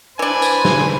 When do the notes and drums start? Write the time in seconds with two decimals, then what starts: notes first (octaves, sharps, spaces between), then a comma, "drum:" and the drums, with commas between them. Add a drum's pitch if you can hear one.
0.19 E3 D4 B4 C5 G#5
0.42 drum: tambourine
0.65 drum: snare